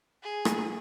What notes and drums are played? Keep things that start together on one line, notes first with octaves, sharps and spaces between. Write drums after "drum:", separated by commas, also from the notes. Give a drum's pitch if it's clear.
G#4
drum: rim click